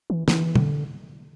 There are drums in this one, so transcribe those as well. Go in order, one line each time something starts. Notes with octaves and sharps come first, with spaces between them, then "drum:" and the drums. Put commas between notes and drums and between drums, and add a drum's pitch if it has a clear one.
E3
E3, drum: snare
D3, drum: tom